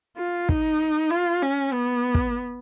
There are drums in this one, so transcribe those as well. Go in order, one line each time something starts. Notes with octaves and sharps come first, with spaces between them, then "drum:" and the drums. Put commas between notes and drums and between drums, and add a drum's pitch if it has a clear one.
F4
D#4, drum: kick
F4
C#4
B3
drum: kick